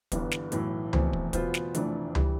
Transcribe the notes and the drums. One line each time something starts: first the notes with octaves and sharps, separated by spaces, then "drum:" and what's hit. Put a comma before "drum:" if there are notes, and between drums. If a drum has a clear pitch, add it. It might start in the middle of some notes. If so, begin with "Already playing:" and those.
G1 G2 E3 B3, drum: kick, hi-hat
drum: snare
B1 A2 E3 A3, drum: hi-hat
F1 E2 B2 A3 C4, drum: tom C#2
drum: kick
E2 B2 B3 F4 C5, drum: kick, hi-hat
drum: snare
F1 F2 E3 A3 D4, drum: hi-hat
E3 G3, drum: tom C#2